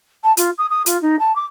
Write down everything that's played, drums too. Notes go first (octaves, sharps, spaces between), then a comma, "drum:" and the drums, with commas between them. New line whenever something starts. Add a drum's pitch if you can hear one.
A5
F4, drum: hi-hat
D#6
D#6
F4, drum: hi-hat
D#4
A5
D6